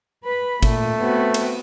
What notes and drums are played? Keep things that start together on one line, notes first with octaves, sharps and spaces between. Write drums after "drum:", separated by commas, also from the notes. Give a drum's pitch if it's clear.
B4 B5
A#2 A3, drum: kick G#1, cymbal
B3 C4 F#4
drum: cymbal